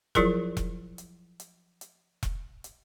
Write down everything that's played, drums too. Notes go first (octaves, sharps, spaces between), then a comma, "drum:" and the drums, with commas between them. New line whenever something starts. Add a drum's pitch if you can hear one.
F3 F#3 E4 F4 G#4 A#4, drum: kick E1, hi-hat
drum: kick E1, hi-hat
drum: hi-hat
drum: hi-hat
drum: hi-hat
drum: kick E1, hi-hat
drum: hi-hat